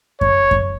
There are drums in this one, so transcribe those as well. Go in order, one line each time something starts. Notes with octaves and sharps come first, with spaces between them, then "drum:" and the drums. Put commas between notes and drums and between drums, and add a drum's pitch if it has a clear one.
C#5, drum: kick F#2
drum: kick F#2